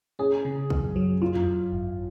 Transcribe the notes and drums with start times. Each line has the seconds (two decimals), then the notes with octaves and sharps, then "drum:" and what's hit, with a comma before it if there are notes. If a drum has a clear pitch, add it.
0.19 C#4 G#4
0.45 C#3
0.70 F#2, drum: kick
0.96 F#3
1.22 F#3 F4
1.35 drum: tom E2
1.47 F#2
1.72 G#1